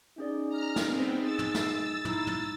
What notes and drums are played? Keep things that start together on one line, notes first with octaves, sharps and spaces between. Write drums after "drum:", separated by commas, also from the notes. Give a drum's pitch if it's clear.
C#4 D#4 G#4 D5
A#5 F6
drum: snare
B3 C4
G#4 E6 A6
drum: tom
drum: snare
D#4 E4, drum: tom
drum: tom